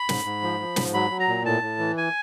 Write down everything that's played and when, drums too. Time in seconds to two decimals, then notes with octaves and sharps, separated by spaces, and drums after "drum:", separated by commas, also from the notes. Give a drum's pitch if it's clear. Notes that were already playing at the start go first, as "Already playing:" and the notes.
Already playing: B5
0.09 G#2, drum: snare
0.25 G#2
0.43 F3
0.60 F3
0.76 G#2, drum: snare
0.94 F#3 B5
1.10 F#3
1.20 A#5
1.28 A#2
1.45 A2 A5
1.62 A2
1.79 E3
1.97 G#5